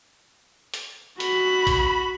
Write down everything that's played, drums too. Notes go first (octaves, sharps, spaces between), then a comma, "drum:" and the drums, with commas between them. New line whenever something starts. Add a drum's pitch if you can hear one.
drum: hi-hat
F#4 B5, drum: hi-hat
drum: kick A#1, hi-hat